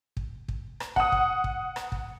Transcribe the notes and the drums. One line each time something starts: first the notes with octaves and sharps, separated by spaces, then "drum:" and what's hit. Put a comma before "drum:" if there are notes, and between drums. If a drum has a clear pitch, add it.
drum: kick
drum: kick
drum: rim click
F#5 D#6, drum: kick
drum: kick
drum: kick
drum: rim click
drum: kick